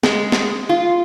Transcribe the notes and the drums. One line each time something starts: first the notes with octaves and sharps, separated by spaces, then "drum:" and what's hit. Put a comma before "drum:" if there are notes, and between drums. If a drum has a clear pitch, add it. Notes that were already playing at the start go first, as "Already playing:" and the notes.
G#3, drum: snare
drum: snare
F4